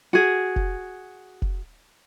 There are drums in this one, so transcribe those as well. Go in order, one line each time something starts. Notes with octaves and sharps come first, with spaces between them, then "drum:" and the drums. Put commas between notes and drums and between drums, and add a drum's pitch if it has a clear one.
F#4 G#4
drum: kick F1
drum: kick F1